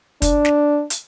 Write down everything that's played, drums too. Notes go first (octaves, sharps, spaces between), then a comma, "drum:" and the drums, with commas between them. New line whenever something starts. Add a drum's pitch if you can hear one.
D4, drum: kick, hi-hat
drum: snare
drum: hi-hat